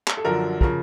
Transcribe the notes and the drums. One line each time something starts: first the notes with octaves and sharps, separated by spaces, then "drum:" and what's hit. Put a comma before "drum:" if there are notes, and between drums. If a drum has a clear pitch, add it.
drum: clap
A4
F#2 D3 F3 A#4
C#3 F3 A#4, drum: kick